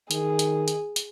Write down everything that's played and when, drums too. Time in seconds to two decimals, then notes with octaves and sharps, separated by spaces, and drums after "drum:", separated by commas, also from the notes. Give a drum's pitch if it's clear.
0.11 D#3 G#4, drum: hi-hat
0.39 drum: hi-hat
0.68 drum: hi-hat
0.96 drum: hi-hat